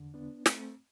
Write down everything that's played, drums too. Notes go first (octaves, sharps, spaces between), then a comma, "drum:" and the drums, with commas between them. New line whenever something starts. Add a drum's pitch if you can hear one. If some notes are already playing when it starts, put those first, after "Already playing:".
Already playing: E2 D3
B3 D4
A3 C4, drum: snare